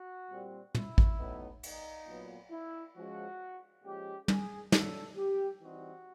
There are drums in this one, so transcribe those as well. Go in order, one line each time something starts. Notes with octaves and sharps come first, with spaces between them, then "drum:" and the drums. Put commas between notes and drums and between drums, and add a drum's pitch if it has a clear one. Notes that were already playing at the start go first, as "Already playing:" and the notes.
Already playing: F#4
A#2 G3 C4
E4, drum: tom
drum: kick A1
A2 F#3 B3 D#4
D#4, drum: cymbal
A#2 F#3 B3
E4
F3 G#3 C#4 F#4
A#2 F3 G#3 C#4 G4
G#4, drum: tom
D3 F#3 A3 A4, drum: snare
G4
E3 G3 C4 D#4 F#4